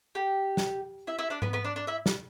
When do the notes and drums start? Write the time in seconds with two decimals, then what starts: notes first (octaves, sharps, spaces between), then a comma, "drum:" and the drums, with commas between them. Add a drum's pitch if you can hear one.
0.15 G4
0.57 drum: snare
1.07 E4 E5
1.19 E4 E5
1.30 D4 D5
1.42 B3 B4, drum: tom G#2
1.53 B3 B4
1.64 D4 D5
1.76 D4 D5
1.87 E4 E5
2.06 drum: snare